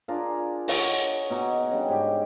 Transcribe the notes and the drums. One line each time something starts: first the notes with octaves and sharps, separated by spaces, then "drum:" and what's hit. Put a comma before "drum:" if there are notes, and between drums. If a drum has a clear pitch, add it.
D4 F4 G#4 A#4
C#5 D#5 F#5 G#5, drum: open hi-hat
B2 D#4 G#4 D6
C#3 G3 D4
G#2 G4